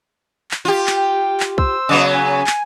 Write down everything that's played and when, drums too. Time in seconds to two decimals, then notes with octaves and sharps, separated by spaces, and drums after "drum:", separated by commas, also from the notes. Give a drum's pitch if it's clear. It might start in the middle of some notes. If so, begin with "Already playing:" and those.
0.51 drum: clap
0.65 F4 G4
0.87 drum: clap
0.97 G5
1.40 drum: clap
1.58 C5 E6, drum: kick
1.89 C#3 F#3 B3 D#5
2.14 G#5
2.47 drum: clap